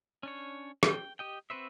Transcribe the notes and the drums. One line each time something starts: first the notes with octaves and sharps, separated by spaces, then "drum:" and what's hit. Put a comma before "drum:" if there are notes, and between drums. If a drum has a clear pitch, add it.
C#4 D4 C#5
G5, drum: rim click
G4 D#5 G5
C4 F#4 B4 C5 E5